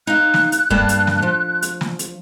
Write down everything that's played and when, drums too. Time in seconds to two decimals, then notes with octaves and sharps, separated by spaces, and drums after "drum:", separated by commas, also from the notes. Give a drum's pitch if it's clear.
0.07 D#4 F5 F#6
0.34 drum: snare
0.52 drum: hi-hat
0.70 G2 A#3 A5, drum: kick
0.89 drum: hi-hat
1.07 drum: snare
1.22 F3
1.62 drum: hi-hat
1.81 drum: snare
1.99 drum: hi-hat